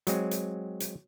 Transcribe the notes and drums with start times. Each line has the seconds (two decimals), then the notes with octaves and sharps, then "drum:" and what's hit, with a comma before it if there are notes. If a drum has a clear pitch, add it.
0.07 F#3 G#3 C4, drum: hi-hat
0.31 drum: hi-hat
0.80 drum: hi-hat